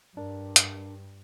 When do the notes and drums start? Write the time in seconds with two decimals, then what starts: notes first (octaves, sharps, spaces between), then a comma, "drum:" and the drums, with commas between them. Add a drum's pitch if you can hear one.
0.17 G2 D4 A#4
0.56 drum: hi-hat